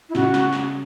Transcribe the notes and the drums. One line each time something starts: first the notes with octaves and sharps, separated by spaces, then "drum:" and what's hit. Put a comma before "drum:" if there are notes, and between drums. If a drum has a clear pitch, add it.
E4
C#3 F#4, drum: snare
drum: snare
drum: snare